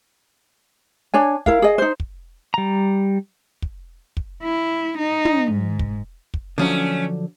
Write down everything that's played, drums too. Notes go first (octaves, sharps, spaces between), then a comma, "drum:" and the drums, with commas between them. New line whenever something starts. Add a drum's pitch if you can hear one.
D4 C#5 G#5
E4 A#4 F5, drum: kick
G#4 D#5
D#4 C5
drum: kick
G3 A#5
drum: kick
drum: kick
E4
D#4
drum: tom
G#2
drum: kick
drum: kick
D3 F3 F#3 A3 C#4